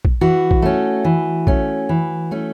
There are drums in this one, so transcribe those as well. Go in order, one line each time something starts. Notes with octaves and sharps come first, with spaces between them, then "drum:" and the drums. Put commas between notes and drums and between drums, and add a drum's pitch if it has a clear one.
drum: kick
E3 F#4
drum: kick
A3 C#4
E3
A3 C#4, drum: kick
E3
A3 C#4